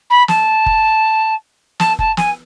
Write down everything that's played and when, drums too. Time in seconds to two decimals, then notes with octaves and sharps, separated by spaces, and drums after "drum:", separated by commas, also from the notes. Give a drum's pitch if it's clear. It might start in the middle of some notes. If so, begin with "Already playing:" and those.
0.10 B5
0.28 A5, drum: snare
0.66 drum: kick F1
1.80 A5, drum: snare
1.99 A5, drum: kick F1
2.17 G#5, drum: snare